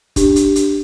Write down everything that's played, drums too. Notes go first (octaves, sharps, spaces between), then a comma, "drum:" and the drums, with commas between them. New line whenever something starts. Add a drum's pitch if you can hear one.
D4 G4, drum: kick F1, hi-hat
drum: hi-hat
drum: hi-hat